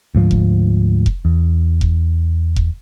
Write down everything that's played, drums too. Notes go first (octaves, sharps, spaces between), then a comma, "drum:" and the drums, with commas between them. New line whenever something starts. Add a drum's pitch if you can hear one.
D2 G#2 F3
drum: kick F1
drum: kick F1
E2
drum: kick F1
drum: kick F1